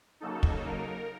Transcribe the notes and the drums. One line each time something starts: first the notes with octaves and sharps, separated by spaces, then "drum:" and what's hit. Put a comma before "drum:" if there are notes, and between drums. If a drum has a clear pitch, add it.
C#3 F#3 A#3 D#4 A4
drum: kick
A#4